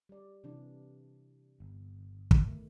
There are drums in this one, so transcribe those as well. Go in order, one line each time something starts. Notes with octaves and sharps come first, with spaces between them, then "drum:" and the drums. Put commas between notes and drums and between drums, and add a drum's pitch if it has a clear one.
G3 D5
C3 E3 D4
G1
drum: kick
B2 D#3 A3